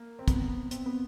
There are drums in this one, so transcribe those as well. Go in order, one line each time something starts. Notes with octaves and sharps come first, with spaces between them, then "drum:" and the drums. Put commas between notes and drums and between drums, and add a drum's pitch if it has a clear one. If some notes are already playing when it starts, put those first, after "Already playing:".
Already playing: A#3
C4
B3, drum: kick, hi-hat
C4, drum: hi-hat
B3